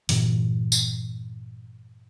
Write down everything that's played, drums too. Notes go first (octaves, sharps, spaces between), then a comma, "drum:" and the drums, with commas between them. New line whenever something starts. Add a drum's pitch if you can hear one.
G2 A#2 E3, drum: open hi-hat
drum: tambourine